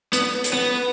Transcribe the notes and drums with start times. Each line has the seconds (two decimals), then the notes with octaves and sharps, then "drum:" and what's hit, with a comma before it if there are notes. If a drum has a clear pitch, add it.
0.13 B3, drum: hi-hat
0.44 drum: hi-hat
0.53 B3